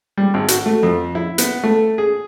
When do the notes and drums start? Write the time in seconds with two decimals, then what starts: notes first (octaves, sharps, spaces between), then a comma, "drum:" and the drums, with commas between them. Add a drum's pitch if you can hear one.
0.18 G3
0.34 G#1
0.48 F#4, drum: hi-hat
0.66 A3
0.83 F2
1.15 E4
1.38 B3, drum: hi-hat
1.64 A3
1.98 G#4